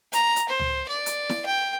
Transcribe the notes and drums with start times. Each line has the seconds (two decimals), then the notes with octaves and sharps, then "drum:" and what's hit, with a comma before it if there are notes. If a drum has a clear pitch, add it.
0.13 A#5, drum: hi-hat
0.36 drum: hi-hat
0.49 C5
0.59 drum: tom C#2
0.89 D5
1.06 drum: hi-hat
1.29 drum: snare E4
1.46 G5